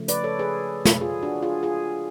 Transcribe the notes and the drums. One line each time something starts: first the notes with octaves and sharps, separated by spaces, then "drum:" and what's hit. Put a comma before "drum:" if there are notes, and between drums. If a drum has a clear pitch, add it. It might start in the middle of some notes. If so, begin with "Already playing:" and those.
Already playing: C#3 F3 A3
B4 D5, drum: hi-hat
A4 C#5
G#4 B4
drum: snare
F4 G#4
D4 F#4
F4 G#4
F4 G#4